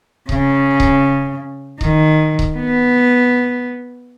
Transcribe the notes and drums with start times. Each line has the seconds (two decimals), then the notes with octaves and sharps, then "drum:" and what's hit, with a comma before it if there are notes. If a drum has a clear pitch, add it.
0.29 C#3, drum: kick C#1
0.80 drum: kick C#1
1.81 D#3, drum: kick C#1
2.39 drum: kick C#1
2.57 B3